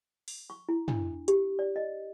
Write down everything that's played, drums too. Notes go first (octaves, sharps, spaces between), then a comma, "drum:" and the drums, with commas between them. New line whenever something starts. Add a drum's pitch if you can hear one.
drum: open hi-hat
C#6
E4
D4, drum: tom
G4, drum: hi-hat
D5
D#5